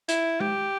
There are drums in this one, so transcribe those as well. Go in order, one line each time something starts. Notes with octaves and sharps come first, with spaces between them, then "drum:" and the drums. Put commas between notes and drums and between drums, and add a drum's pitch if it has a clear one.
E4, drum: hi-hat
G4, drum: tom G#3